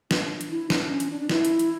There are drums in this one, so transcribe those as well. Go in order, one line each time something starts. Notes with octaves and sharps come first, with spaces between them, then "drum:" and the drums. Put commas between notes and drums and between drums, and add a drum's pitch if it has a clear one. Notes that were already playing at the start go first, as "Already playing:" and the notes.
D4, drum: snare
drum: hi-hat
E4
D4, drum: snare
C#4
drum: hi-hat
D4
D4
E4, drum: snare
drum: hi-hat
drum: hi-hat